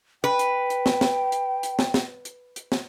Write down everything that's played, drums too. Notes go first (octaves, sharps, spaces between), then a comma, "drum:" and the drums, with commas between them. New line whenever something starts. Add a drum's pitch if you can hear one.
B4 G5
drum: hi-hat
drum: hi-hat
drum: snare
drum: snare
drum: hi-hat
drum: hi-hat
drum: snare
drum: snare
drum: hi-hat
drum: hi-hat
drum: snare